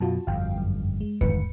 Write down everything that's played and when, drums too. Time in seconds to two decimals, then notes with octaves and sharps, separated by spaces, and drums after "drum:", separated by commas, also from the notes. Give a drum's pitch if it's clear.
0.01 F#2 B2 F4 F#4 A5
0.27 G1 F2 F5 G5
0.58 F#2
1.01 G#3
1.21 G1 G#2 D#3 B4 C#7, drum: kick E2